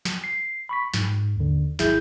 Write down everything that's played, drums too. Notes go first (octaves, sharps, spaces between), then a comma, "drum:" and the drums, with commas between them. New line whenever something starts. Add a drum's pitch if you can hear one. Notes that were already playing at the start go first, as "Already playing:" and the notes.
drum: snare
C7
B5 C#6 B6
G#2, drum: snare
D#2 D3
G#1 E4 G#4 E5 G6, drum: snare